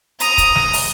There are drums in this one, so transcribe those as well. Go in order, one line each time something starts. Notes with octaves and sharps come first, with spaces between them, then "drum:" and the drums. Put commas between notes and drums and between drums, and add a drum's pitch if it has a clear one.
A#5 D#6, drum: hi-hat
drum: kick, hi-hat
drum: snare
drum: open hi-hat